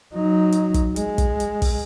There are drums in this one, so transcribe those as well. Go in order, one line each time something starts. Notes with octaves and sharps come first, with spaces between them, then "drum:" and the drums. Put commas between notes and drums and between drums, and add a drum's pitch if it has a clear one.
F#3 D#4
drum: hi-hat
drum: kick, hi-hat
G#3, drum: hi-hat
drum: kick, hi-hat
drum: hi-hat
drum: kick, open hi-hat